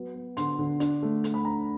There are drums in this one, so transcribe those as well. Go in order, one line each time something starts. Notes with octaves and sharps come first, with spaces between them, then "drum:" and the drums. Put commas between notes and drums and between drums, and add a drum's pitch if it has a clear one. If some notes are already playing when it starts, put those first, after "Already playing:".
Already playing: F#3 B3
B3
D3 C6, drum: hi-hat
D3
D4, drum: hi-hat
A3
A3, drum: hi-hat
B5
D4 A#5